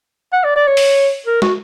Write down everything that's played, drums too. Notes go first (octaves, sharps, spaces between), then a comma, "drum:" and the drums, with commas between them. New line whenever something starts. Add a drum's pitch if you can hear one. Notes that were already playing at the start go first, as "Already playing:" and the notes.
F#5
D5
D5
C#5
drum: open hi-hat
A#4
F#4, drum: snare